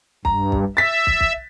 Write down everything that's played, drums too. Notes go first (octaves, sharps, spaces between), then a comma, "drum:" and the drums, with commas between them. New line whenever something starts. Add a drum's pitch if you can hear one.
G2 A#5, drum: kick
drum: kick
E5 A6 B6
drum: kick
drum: kick